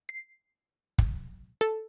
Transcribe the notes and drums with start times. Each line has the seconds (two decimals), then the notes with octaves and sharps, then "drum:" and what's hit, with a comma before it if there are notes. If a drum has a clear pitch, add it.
0.09 C7
0.98 drum: kick
1.61 A4